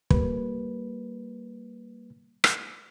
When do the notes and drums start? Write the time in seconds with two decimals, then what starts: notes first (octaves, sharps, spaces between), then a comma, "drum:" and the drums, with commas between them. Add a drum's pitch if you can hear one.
0.10 G3 A#3 B4, drum: kick
2.44 drum: rim click